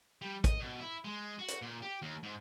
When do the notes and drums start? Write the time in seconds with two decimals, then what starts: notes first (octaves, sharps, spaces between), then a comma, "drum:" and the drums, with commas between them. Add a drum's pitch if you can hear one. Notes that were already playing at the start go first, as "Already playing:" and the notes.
0.22 G3
0.44 D#5, drum: kick A1, hi-hat
0.60 B2
0.80 E4
1.04 G#3
1.39 F#4
1.48 drum: hi-hat
1.62 A#2
1.82 G4
2.02 D#2
2.23 G#2